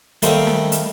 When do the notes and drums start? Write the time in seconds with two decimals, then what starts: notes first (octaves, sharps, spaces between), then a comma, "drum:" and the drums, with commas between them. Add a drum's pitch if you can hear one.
0.22 D#3 G3 A3 A#3 C4 F4, drum: hi-hat
0.47 drum: snare
0.72 drum: hi-hat